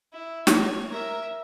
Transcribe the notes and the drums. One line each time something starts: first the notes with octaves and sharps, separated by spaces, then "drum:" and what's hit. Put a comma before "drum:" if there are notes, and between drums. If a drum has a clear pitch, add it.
E4
C#5, drum: snare
A#4 E5